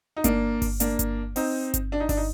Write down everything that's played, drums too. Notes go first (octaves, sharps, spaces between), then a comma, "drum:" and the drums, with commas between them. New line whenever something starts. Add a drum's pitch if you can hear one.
D#4
A#3 D4, drum: kick G1, hi-hat
drum: kick G1, open hi-hat
A#3 D4, drum: hi-hat
drum: kick G1, hi-hat
C4 D#4, drum: open hi-hat
drum: kick G1, hi-hat
D4
D#4
D4, drum: kick G1, open hi-hat
D#4